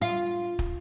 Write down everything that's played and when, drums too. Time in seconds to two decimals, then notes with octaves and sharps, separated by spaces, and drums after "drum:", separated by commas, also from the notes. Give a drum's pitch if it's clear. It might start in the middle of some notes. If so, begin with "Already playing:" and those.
0.02 F4
0.59 drum: kick